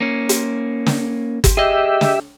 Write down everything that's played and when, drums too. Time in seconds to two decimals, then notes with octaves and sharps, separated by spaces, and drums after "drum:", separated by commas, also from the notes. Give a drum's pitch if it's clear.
0.01 A#3 C#4
0.29 drum: hi-hat
0.86 drum: snare
1.44 drum: kick, hi-hat
1.57 G4 G#4 D#5 E5
2.01 drum: snare